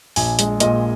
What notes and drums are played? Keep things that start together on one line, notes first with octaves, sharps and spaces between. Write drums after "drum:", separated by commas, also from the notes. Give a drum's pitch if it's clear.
A#1 G#5, drum: open hi-hat
G#3, drum: hi-hat
A#2 D#5, drum: hi-hat